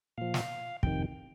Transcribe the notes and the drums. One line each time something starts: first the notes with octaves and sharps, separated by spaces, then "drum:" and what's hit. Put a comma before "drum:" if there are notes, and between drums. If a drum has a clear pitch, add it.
A#2 F3 F5
drum: snare
F2 C3 D#3 G5, drum: kick